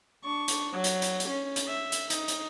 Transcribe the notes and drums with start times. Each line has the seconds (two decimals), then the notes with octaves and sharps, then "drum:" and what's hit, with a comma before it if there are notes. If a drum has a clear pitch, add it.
0.24 D4 C#6
0.48 drum: hi-hat
0.74 F#3
0.84 drum: hi-hat
1.02 drum: hi-hat
1.20 drum: hi-hat
1.29 C#4
1.56 drum: hi-hat
1.69 E5
1.92 drum: hi-hat
2.10 D#4, drum: hi-hat
2.28 drum: hi-hat